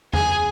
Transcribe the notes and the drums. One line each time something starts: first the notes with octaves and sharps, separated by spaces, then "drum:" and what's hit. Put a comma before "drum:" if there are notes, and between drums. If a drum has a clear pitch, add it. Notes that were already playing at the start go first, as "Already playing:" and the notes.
G#4, drum: tom E2